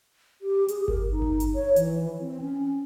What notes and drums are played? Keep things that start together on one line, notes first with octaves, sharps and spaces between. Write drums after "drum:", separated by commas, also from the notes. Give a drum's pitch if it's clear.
G4
G#4, drum: hi-hat
A#4, drum: kick G1
D#4
drum: kick G1
drum: hi-hat
C#5
E3, drum: hi-hat
C4
C#4